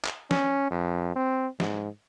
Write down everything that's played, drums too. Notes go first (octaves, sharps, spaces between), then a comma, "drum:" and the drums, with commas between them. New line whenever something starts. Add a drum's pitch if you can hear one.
drum: clap
C#4, drum: snare
F2
C4
G#2, drum: snare